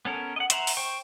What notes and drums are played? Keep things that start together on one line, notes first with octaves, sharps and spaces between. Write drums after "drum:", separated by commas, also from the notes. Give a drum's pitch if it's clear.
B3 C#4 A4 A#4
D#5 F#5
C5 E5 F#5 A#5, drum: hi-hat
drum: open hi-hat
C5 G5 C#6